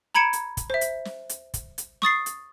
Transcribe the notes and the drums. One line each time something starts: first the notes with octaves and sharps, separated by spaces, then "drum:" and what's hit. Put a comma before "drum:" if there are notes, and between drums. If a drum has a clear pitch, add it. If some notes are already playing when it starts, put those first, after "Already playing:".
A#5 B5 G#6 C#7 D7 E7
drum: hi-hat
drum: kick, hi-hat
C5 E5
drum: hi-hat
drum: snare
drum: hi-hat
drum: kick, hi-hat
drum: hi-hat
C#6 D#6 A6 C7, drum: snare
drum: hi-hat